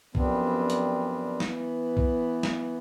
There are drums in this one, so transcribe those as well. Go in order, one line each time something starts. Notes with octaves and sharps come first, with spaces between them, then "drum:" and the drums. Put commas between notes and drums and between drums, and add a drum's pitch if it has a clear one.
F#2 F3 G3 B3 C4 D4, drum: kick A#1
drum: hi-hat
E3 B3, drum: snare
drum: kick A#1
drum: snare